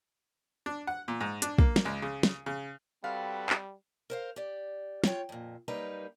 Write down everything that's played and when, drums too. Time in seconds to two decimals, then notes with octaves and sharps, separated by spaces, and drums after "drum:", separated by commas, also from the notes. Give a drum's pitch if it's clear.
0.66 D4
0.87 F#5
1.08 A#2
1.21 G#2
1.42 D4, drum: hi-hat
1.58 A#3, drum: kick
1.76 drum: snare
1.85 C#2
2.02 C#3
2.23 drum: snare
2.46 C#3
3.04 G3 C4 F#4 A4 B4 F5
3.50 drum: clap
4.10 A#4 C5 F5
4.36 G4 D5
5.04 F4 C#5 G5, drum: snare
5.29 F2 A#2
5.68 F#2 G3 A#3 D#4 B4 A#5